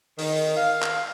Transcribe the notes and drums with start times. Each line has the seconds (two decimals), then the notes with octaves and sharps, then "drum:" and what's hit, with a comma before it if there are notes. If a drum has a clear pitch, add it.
0.18 D#3, drum: open hi-hat
0.57 F5
0.83 drum: clap